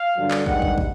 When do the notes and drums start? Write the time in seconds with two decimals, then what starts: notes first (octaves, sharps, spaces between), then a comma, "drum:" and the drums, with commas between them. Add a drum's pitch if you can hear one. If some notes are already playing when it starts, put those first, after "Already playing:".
Already playing: F5
0.16 G2 D3 F#3
0.31 drum: clap
0.46 G2 D#3 G#3 F#5, drum: kick
0.62 drum: kick
0.78 drum: kick